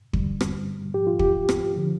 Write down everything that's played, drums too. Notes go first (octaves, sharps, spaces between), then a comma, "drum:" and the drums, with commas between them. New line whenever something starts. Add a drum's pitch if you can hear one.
G2 D3 G3, drum: kick
drum: rim click
G#2 F3 G4
F4
G4, drum: kick
drum: rim click
D3 F3